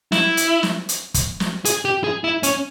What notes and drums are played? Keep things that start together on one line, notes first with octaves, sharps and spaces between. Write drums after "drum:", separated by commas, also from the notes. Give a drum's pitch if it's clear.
E4, drum: snare
drum: hi-hat
drum: snare
drum: hi-hat
drum: kick, hi-hat
drum: snare
G#4, drum: hi-hat
G4
G#4
E4
C#4, drum: hi-hat